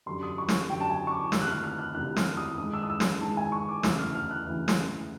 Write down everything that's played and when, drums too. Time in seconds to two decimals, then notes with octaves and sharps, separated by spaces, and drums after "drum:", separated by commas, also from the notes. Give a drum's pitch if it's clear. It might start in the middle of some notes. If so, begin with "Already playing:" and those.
0.06 F#2 D3 G3 C6
0.23 D#6
0.38 C#6
0.49 drum: snare
0.69 F#2 D3 G3 G5
0.80 A5
0.90 G#5
1.07 C#6
1.11 D6
1.32 D2 C3 D#3 E6, drum: snare
1.41 F#6
1.48 F6
1.64 F6
1.79 F#6
1.95 D2 C3 D#3 F#6
2.16 F6, drum: snare
2.37 D#6
2.58 G#2 D#3 G#3 D#6
2.73 E6
2.83 D#6
2.90 E6
3.00 drum: snare
3.21 G#2 D#3 G#3 A5
3.37 G#5
3.52 C#6
3.68 D6
3.83 D2 C#3 E3 E6, drum: snare
3.99 F6
4.15 F6
4.31 F#6
4.46 D2 C#3 E3
4.68 drum: snare